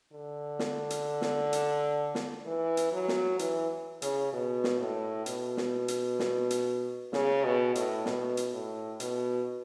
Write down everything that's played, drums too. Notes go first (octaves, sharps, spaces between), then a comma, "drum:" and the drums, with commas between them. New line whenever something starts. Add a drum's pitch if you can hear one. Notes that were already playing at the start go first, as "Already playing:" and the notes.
D3
drum: snare
drum: hi-hat
drum: snare
drum: hi-hat
drum: snare
E3
drum: hi-hat
F#3
drum: snare
E3, drum: hi-hat
C#3, drum: hi-hat
B2
drum: snare
A2
B2, drum: hi-hat
drum: snare
drum: hi-hat
drum: snare
drum: hi-hat
C#3, drum: snare
B2
A2, drum: hi-hat
B2, drum: snare
drum: hi-hat
A2
B2, drum: hi-hat